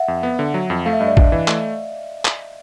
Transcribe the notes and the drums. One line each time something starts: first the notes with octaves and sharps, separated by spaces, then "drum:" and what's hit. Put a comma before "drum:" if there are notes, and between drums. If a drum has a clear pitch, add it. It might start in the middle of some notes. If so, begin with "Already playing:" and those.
Already playing: E5 F#5
F2
B3
D3
F#3
F2
A3 F5
E5
G2 D#5
D5 E5
D4, drum: kick
E3
A3, drum: clap
drum: clap